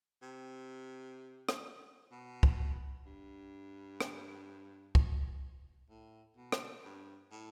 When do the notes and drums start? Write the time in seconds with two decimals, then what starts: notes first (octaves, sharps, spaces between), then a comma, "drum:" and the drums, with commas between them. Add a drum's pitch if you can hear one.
0.22 C3
1.49 drum: rim click
2.11 B2
2.43 drum: kick
3.06 G2
4.00 drum: rim click
4.95 drum: kick
5.89 A2
6.37 B2
6.52 drum: rim click
6.84 G2
7.31 A2